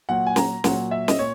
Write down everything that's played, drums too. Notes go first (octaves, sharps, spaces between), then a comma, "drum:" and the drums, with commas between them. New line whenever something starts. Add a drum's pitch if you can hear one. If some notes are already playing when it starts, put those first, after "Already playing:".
A#2 F#3 F#5
G#5
A#5, drum: snare
A#2 F#3 F#5, drum: snare
E5
D#5, drum: snare
A#2 C#5